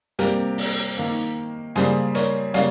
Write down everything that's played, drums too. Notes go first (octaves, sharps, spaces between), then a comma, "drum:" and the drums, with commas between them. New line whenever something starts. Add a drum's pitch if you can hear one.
C3 G3 A#3 G4 A#4, drum: hi-hat
drum: open hi-hat
D#3 A#3
C#3 G3 A#3 G#4 C5, drum: hi-hat
A#4 C#5, drum: hi-hat
C#3 G3 A#3 C#5 F5, drum: hi-hat